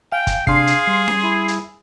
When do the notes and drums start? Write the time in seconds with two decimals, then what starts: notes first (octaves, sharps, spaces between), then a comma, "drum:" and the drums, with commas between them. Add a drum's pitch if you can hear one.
0.12 F5 G5 G#5
0.27 drum: kick, hi-hat
0.47 C3 D4 G#4 F5 C6 C7, drum: kick
0.67 drum: hi-hat
0.87 G3
1.08 drum: snare C#4
1.23 E4
1.48 drum: hi-hat